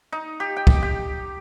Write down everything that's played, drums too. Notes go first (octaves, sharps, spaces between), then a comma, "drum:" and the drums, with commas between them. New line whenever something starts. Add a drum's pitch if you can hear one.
D#4
G4
G5
drum: kick
G4